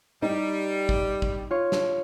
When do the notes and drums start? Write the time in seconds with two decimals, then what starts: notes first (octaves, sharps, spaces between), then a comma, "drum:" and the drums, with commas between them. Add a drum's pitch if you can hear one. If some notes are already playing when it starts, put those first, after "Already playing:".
0.22 G3 D#4
0.89 drum: kick
1.22 drum: kick
1.51 F4 C#5
1.72 drum: snare